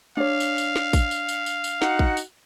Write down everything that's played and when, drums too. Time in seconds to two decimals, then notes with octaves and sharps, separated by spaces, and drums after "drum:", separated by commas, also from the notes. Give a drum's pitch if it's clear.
0.17 D4 C#5 F5
0.40 drum: tambourine
0.58 drum: tambourine
0.76 drum: snare
0.93 drum: kick, tambourine
1.11 drum: tambourine
1.29 drum: tambourine
1.46 drum: tambourine
1.64 drum: tambourine
1.82 D#4 F#4 F#5, drum: snare
1.99 drum: kick
2.17 drum: tambourine